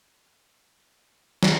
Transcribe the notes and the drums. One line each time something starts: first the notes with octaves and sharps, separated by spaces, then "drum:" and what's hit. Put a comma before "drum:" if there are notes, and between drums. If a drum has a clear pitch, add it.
A4
C#4 E4
drum: snare